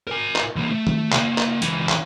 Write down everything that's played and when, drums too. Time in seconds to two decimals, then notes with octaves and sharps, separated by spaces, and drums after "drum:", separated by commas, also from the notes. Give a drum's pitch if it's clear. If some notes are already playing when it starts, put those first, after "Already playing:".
0.07 A#4 G#5
0.35 drum: clap
0.56 E3 A#3
0.71 A3
0.87 drum: tom D#3
1.12 C#3 A#3, drum: clap
1.38 drum: clap
1.62 C#2 E3, drum: hi-hat
1.89 drum: clap